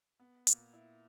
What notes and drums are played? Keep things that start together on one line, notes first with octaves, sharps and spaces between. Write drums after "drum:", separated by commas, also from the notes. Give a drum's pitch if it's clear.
B3
A#2, drum: hi-hat
E4